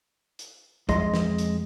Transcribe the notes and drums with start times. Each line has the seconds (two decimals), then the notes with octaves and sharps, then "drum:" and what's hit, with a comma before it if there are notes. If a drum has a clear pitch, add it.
0.39 drum: hi-hat
0.89 F2 G#3 D#5 C6, drum: kick, hi-hat
1.14 drum: snare
1.38 drum: hi-hat